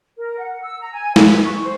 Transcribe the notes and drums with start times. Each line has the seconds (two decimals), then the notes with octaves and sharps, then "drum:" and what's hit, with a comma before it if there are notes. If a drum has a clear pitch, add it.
0.18 A#4
0.38 F#5
0.62 E6
0.81 A#5
0.93 G#5
1.16 B4, drum: snare
1.29 B4
1.44 C#6
1.64 C5